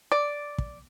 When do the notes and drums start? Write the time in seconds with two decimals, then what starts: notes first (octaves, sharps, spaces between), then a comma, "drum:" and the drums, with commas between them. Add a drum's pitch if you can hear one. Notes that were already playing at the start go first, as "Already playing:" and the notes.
0.12 D5
0.58 drum: kick